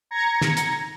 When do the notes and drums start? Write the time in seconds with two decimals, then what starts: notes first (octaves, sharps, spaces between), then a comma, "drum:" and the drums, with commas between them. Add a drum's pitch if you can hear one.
0.11 A#5 G#6 A#6 C#7
0.41 drum: snare
0.57 drum: hi-hat